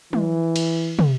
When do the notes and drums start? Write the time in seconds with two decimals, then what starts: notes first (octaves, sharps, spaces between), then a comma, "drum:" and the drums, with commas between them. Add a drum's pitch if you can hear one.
0.13 E3, drum: tom
0.56 drum: cymbal
0.99 drum: tom